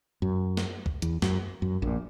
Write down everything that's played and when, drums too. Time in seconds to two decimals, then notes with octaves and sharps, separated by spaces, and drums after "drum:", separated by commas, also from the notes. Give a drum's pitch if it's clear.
0.22 F#2
0.57 drum: snare
0.86 drum: kick
1.02 E2, drum: hi-hat
1.22 F#2, drum: snare
1.62 F#2
1.82 A#1 A#2